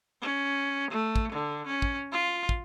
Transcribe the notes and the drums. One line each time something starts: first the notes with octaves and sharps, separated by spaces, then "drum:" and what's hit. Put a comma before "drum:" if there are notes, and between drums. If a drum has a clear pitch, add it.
C#4
A3
drum: kick
D3
C#4
drum: kick
F4
drum: kick